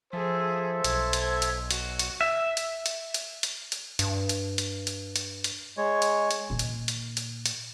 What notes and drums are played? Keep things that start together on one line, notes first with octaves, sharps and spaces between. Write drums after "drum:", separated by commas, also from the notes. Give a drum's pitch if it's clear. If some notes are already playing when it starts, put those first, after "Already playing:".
F3 G#4 A4 C5 E5
B1 G#6, drum: hi-hat
drum: hi-hat
drum: hi-hat
F#4, drum: hi-hat
drum: hi-hat
E5
drum: hi-hat
drum: hi-hat
drum: hi-hat
drum: hi-hat
drum: hi-hat
G2, drum: hi-hat
drum: hi-hat
drum: hi-hat
drum: hi-hat
drum: hi-hat
drum: hi-hat
G#3 C#5
drum: hi-hat
drum: hi-hat
A#2 D#3
drum: hi-hat
drum: hi-hat
drum: hi-hat
drum: hi-hat